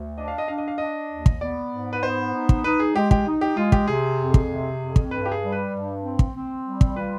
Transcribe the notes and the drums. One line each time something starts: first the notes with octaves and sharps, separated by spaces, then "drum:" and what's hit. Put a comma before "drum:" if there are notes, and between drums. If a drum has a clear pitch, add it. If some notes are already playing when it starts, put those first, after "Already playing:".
Already playing: D2
D4 D#5
F5
D#5
D4 F5
D#5
F5
D4 D#5
D#2
drum: kick
B3 D5
G#2
B4
B3 C5
D#4
drum: kick
D#4 B4
G#4
G#3 G4
G4, drum: kick
D#4
G4
G#3 F4
G4, drum: kick
C3 G#4
F2
drum: kick
C3
F2
drum: kick
G2 B4
G4
G#4
G3
B4
G2
C4
drum: kick
C4
G3
drum: kick
F4 B4